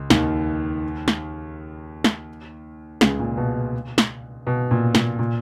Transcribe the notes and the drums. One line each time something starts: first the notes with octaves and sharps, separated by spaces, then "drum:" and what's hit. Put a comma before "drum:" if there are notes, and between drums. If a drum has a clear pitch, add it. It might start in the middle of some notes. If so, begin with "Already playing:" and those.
Already playing: C#2
D#2 D#3, drum: snare
drum: snare
drum: snare
C#2 C#3, drum: snare
A#2
B2
drum: snare
B2
A#2
A#2, drum: snare
A#2